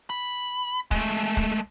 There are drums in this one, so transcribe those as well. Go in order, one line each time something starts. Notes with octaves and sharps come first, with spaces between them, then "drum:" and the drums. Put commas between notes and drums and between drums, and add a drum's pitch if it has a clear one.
B5
G#3 A3, drum: kick
drum: kick